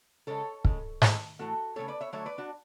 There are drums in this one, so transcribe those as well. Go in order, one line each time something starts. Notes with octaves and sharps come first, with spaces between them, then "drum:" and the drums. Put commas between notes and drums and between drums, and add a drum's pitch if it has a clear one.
C#3 G#3 A4 C#5
C#3 G#3, drum: kick
A2 E3 G#3, drum: snare G#2
A2 E3 A3 F#4 A4
C#3 F#3 A3 A4 C#5
B4 D5
C#5 E5
D3 F#3 A3 C#5 E5
B4 D5
D4 F#4